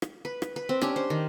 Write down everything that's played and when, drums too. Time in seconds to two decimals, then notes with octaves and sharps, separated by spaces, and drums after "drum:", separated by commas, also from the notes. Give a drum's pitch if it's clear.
0.02 drum: rim click
0.25 B4
0.42 drum: rim click
0.56 B4
0.69 C4
0.82 C#4 D4 G4, drum: rim click
0.96 C5
1.10 D#3